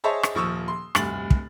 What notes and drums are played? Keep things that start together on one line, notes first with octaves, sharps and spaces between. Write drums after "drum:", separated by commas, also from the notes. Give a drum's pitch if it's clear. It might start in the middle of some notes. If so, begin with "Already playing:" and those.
G#4 C5 C#5 D#5 E5 A5
drum: rim click
D#1 F3 C#6 D#6 E6
C6
F1 D2 G2 A6 F#7, drum: rim click
drum: kick